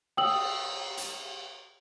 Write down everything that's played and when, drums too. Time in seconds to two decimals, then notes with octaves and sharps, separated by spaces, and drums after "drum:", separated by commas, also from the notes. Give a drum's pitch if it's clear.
0.17 G5 D#6 E6 F#7, drum: cymbal
0.97 drum: hi-hat